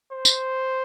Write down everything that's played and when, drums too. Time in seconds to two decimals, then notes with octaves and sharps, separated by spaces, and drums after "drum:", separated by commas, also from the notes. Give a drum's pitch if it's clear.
0.11 C5
0.25 drum: tambourine